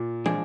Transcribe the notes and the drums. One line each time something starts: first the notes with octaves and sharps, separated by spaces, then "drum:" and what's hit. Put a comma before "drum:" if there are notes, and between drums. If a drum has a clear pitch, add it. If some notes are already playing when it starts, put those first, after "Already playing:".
Already playing: A#2
F3 G#3 D4 G#4, drum: tom